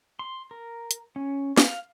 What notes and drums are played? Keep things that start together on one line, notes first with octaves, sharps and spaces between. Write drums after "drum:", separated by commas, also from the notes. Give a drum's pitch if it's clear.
C6
A#4
drum: hi-hat
C#4
F5, drum: snare